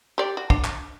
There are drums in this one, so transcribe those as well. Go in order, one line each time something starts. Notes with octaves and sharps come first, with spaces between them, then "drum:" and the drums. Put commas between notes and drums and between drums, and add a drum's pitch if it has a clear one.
G4 D5
F#4
D4, drum: kick
drum: clap